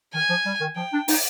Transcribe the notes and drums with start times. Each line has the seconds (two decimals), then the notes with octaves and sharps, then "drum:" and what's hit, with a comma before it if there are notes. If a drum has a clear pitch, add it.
0.14 D#3 G#5
0.29 F3
0.46 G3
0.60 D#3
0.76 F3 G5
0.92 D4
1.08 D#4, drum: open hi-hat